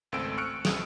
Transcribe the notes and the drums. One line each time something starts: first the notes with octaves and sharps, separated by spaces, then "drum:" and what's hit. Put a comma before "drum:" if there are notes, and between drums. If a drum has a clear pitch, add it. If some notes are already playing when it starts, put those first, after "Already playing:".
G#1 C#2 A3 C4 E6 D7
C#6 F6 F#6 C#7 D7
C#2 D#6 D7, drum: snare